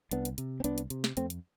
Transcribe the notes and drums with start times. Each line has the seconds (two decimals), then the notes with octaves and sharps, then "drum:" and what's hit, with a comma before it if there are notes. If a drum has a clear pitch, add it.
0.11 C2 B3 D4, drum: hi-hat
0.25 drum: hi-hat
0.38 C3, drum: hi-hat
0.60 C4
0.64 C2 B3 D4, drum: hi-hat
0.78 drum: hi-hat
0.90 C3, drum: hi-hat
1.04 drum: snare
1.17 F2 A3 C4, drum: hi-hat
1.30 drum: hi-hat